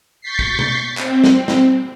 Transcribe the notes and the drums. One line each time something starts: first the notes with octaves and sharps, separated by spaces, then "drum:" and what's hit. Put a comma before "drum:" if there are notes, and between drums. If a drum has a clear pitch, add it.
C#6 G6 A6 B6 C7
drum: kick
drum: tom B2
C4, drum: clap
drum: snare
drum: snare